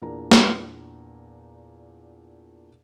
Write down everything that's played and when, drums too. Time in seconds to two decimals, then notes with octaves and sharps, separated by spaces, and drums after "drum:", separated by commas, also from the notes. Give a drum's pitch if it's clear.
0.02 E2 A#2 D4 A#4 A#5
0.31 drum: snare